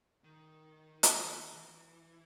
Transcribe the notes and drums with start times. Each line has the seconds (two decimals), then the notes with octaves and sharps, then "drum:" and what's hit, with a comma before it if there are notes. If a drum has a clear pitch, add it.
0.24 D#3
1.03 drum: hi-hat
1.55 E3